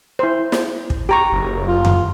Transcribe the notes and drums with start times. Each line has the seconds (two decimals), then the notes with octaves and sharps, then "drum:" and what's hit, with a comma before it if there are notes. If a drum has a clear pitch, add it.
0.19 E4 C5
0.52 drum: snare
0.90 drum: kick
1.09 G4 A#5 C#6
1.32 F#1
1.67 F4
1.85 drum: tom F2